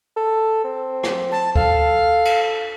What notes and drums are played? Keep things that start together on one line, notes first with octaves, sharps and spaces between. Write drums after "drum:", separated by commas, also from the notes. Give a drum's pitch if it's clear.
A4
C4
drum: rim click
A5
A4 F5, drum: kick D2
drum: cymbal